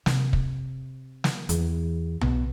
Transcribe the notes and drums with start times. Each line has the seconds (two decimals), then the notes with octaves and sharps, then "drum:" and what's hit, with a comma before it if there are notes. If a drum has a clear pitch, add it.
0.06 C3, drum: snare
0.33 drum: kick
1.24 drum: snare
1.49 E2, drum: hi-hat
2.21 B2, drum: tom B1